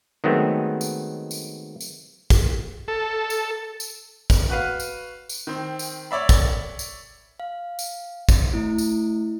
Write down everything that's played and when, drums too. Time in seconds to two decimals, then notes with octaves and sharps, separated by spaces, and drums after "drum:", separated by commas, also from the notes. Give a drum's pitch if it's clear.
0.24 D#3 F#3 G#3 A3 B3 C4
0.81 drum: tambourine
1.31 drum: tambourine
1.81 drum: tambourine
2.30 drum: kick, tambourine
2.88 A4
3.30 drum: tambourine
3.80 drum: tambourine
4.30 drum: kick, tambourine
4.50 F#4 B4 F5
4.80 drum: tambourine
5.29 drum: tambourine
5.47 D#3 C4
5.79 drum: tambourine
6.11 C#5 D5 E5 B5
6.29 drum: kick, tambourine
6.79 drum: tambourine
7.40 F5
7.79 drum: tambourine
8.29 drum: kick, tambourine
8.53 A3 E4
8.78 drum: tambourine